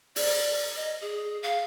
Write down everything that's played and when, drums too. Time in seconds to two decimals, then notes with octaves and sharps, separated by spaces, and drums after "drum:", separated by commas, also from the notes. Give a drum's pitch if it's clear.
0.16 D5, drum: open hi-hat
0.76 D#5
1.01 G#4
1.43 F5